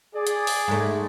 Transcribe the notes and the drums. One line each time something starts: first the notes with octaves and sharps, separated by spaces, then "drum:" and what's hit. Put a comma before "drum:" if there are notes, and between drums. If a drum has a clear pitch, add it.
G#4 D5
drum: hi-hat
drum: open hi-hat
G#2 A3